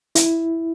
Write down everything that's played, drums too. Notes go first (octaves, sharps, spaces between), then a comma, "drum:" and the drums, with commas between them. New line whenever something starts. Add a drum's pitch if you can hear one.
E4, drum: hi-hat